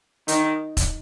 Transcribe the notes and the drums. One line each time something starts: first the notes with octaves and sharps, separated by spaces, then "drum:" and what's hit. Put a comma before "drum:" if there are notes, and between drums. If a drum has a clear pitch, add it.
D#3, drum: hi-hat
drum: kick E1, hi-hat